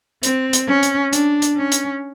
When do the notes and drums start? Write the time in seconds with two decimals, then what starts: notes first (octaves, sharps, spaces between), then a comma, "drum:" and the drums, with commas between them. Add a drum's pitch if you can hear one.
0.23 C4, drum: hi-hat
0.53 drum: hi-hat
0.68 C#4
0.83 drum: hi-hat
1.13 D4, drum: hi-hat
1.42 drum: hi-hat
1.57 C#4
1.72 drum: hi-hat